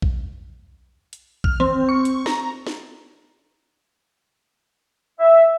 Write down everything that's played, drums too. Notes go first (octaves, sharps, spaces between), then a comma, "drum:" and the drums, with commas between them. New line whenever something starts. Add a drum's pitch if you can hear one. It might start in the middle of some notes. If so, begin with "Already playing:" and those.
drum: kick A#1
drum: hi-hat
F6, drum: kick A#1
C4, drum: tom D#3
C#6
drum: hi-hat
A#5, drum: snare
drum: snare
E5